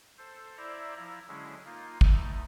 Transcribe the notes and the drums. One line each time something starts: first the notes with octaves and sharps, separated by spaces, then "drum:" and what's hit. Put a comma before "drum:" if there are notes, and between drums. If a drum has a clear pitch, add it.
A4 C5
E4 C5 D5 E5 A#5
F3 E4 A#5
D3 F#3 G#3 C#4 E4 G#4
A#3 D#4 F4
E2 A3 D#4, drum: kick